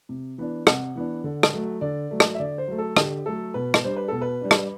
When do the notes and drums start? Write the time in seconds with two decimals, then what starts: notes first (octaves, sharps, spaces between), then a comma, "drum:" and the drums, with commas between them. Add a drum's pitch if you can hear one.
0.09 C3
0.38 E3 B3 D4
0.67 C3 F#5, drum: rim click
0.96 E3 B3 D4
1.24 D3
1.43 drum: rim click
1.53 F#3 A3
1.81 D3 D5
2.11 F#3 A3
2.20 drum: rim click
2.35 E5
2.39 D3 D5
2.58 C5
2.68 F#3 A3
2.78 A4
2.97 D3 G4, drum: rim click
3.26 F#3 A3 A4
3.54 B2 B4
3.74 drum: rim click
3.84 G3 D4 C5
3.96 B4
4.08 B2 A4
4.22 B4
4.41 G3 D4
4.51 drum: rim click